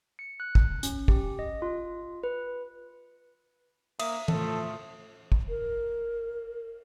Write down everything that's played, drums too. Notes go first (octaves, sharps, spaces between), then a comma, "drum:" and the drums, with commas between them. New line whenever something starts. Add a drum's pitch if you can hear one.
C#7
F#6
drum: kick
C#4, drum: hi-hat
G4, drum: kick
D#5
F4
B4
A#3 E5 D#6, drum: cymbal
A2 F3 A3 A4, drum: tom E3
drum: kick
A#4